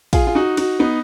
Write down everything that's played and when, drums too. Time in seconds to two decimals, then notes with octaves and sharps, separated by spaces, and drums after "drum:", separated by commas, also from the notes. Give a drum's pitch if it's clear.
0.13 F4 G#4, drum: kick, cymbal
0.27 F4
0.35 D#4 F#4
0.57 D#4 F#4, drum: cymbal
0.79 B3 D#4